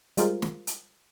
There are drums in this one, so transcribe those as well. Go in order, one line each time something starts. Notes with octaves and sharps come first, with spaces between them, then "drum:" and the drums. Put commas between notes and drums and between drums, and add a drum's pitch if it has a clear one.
G3 G#3 F4 G#4 A#4 C5, drum: hi-hat
drum: snare
drum: hi-hat